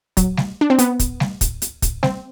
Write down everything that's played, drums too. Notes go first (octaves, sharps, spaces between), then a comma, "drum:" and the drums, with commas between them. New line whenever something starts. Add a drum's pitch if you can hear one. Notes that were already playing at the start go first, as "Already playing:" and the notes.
F#3, drum: kick, hi-hat
drum: snare G3
D4
C4
B3, drum: hi-hat
drum: kick, hi-hat
drum: snare G3
drum: kick, hi-hat
drum: hi-hat
drum: kick, hi-hat
C4, drum: snare G3